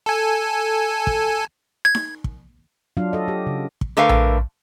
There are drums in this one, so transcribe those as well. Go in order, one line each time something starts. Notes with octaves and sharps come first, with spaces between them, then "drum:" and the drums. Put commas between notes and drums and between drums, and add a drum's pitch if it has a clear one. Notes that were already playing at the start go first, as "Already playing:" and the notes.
A4 G#5
drum: kick
G#6
drum: snare D#4
drum: kick
F#3 D4 F4 F5
A4 D#5
G4
C#3
drum: kick
D3 A3 A#4 B4 F5
drum: tom A#1